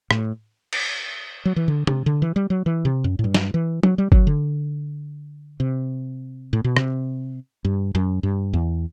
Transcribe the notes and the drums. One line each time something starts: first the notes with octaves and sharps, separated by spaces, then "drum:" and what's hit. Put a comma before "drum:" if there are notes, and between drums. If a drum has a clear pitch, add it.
A2, drum: rim click
drum: cymbal
F#3
E3
D3
C3, drum: tom
D3
E3
G3
F#3
E3
C3
F#2
A2
G2
drum: snare
E3
F#3, drum: tom
G3
F#3, drum: kick
D3
C3
A2
B2
C3, drum: rim click
G2
F#2
G2
E2